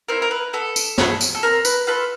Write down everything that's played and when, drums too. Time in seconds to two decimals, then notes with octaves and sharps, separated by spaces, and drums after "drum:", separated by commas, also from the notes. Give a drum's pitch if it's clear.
0.08 C4 E4 A#4
0.22 A#4
0.31 B4
0.53 B3 A4
0.76 drum: tambourine
0.98 E4 G#4, drum: snare
1.21 drum: tambourine
1.35 A4
1.43 C4 A#4
1.65 B4, drum: tambourine
1.87 F4 A4 B4